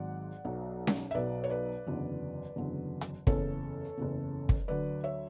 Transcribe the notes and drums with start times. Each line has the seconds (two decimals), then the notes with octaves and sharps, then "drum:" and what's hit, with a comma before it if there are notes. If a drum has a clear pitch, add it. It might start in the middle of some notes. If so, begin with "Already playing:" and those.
Already playing: G#1 G#2 F#3 D5 F#5
0.44 B1 B2 F#3
0.87 drum: snare C#4
1.11 E5
1.14 B1 B2 F#3 B4 D5
1.44 C#5
1.50 B4 D5
1.86 F#1 E2 D3 F#3
2.56 F#1 E2 D3 F#3
3.01 drum: hi-hat
3.27 F#1 E2 C#3 A4 C#5, drum: kick
3.97 F#1 E2 C#3
4.49 drum: kick
4.68 D2 D3 F#3 B4 D5
5.04 C#5 E5